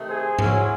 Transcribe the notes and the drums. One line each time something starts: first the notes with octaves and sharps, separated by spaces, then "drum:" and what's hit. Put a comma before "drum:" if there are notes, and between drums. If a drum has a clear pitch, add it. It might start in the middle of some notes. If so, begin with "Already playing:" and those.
Already playing: C3 D#3 A3 D#4
G#4 C5
C#3 F#3 C#4 E4, drum: tom G#2